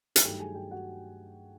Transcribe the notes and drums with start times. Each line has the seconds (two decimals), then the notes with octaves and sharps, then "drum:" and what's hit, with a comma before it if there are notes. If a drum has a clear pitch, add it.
0.16 G#5, drum: hi-hat
0.24 G2 D#3 F#3 A3 G4 G5
0.40 G#4 G#5
0.55 G4 G5
0.71 F#4 F#5